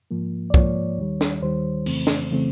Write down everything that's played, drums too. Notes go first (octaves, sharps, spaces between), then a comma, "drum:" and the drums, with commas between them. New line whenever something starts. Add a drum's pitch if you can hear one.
G#2 F3 A#3
D5
G#2 F3 A#3 C#5, drum: kick
D#2 D#3 G3
drum: snare
D#2 D#3 G3 C5
F2 C#3 E3 A3 C4, drum: cymbal
drum: snare
C#3 E3 A3 C4